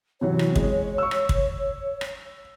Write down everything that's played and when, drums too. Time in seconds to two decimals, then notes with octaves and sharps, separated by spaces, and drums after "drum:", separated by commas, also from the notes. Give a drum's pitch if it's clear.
0.21 C3 E3 F#3 C#5
0.39 drum: rim click
0.56 G#3, drum: kick
0.98 C#6 E6
1.11 drum: rim click
1.29 drum: kick
2.01 drum: rim click